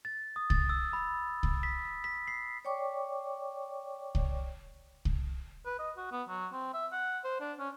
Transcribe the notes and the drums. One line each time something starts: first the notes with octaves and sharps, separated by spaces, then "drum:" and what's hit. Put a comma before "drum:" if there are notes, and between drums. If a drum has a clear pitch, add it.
A6
D#6
A6, drum: kick C2
E6
B5
drum: kick C2
B6
B6
C7
C#5 D5 G5 C#6 D6
drum: kick C2
drum: kick C2
B4
D#5
F#4
B3
F#3
C4
E5
F#5
C5
D4
C#4